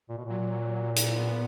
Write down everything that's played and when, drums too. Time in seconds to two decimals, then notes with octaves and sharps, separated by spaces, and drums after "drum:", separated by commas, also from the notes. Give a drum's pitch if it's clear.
0.09 A#2
0.17 B2
0.25 A#2 F#3
0.96 drum: hi-hat
1.15 B3